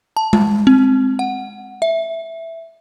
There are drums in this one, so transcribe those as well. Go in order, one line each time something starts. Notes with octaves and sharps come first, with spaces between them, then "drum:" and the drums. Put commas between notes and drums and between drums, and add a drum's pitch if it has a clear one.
A5
drum: tom G#3
C4
F#5
E5